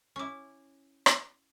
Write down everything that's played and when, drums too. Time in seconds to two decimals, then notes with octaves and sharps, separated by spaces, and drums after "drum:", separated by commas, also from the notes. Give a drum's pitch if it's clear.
0.16 C#4 E4 C#6 D6
1.06 drum: rim click